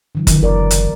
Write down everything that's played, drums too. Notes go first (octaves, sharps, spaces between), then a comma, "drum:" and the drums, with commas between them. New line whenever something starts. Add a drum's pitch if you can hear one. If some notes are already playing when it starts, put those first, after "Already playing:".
D3 E3 F#3
D#3, drum: kick F#1, hi-hat
F#1 A#4 D5
drum: hi-hat